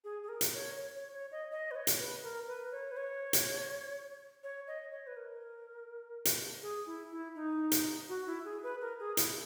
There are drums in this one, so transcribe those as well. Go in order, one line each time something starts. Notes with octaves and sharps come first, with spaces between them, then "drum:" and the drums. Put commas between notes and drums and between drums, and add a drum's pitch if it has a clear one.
G#4
G#4
A#4
drum: hi-hat
C#5
C#5
C#5
C#5
D#5
D#5
B4
C#5
drum: hi-hat
B4
A#4
B4
C#5
B4
C#5
drum: hi-hat
C#5
D#5
C#5
B4
A#4
drum: hi-hat
G#4
E4
E4
D#4
drum: hi-hat
F#4
E4
G#4
B4
A#4
G#4
E4, drum: hi-hat